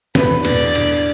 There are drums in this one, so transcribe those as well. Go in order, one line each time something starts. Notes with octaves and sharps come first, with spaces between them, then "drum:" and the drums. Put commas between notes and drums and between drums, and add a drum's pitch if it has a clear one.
E2 B2 A3 D4 B4, drum: snare
E2 B2 A3 D4 D5, drum: cymbal
E2 B2 A3 D4, drum: cymbal